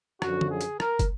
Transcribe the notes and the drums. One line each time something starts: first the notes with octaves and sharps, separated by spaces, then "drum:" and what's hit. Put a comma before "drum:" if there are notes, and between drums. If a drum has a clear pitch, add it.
F#2 D3 F3 F#4, drum: rim click
drum: tom D3
G#4
drum: hi-hat
A#4, drum: rim click
drum: kick, hi-hat